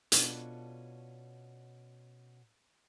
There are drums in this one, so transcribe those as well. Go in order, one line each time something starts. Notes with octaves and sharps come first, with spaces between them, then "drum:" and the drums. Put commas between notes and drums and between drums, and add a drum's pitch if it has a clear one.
B2 C#4 D4 F4 A4 F#5, drum: hi-hat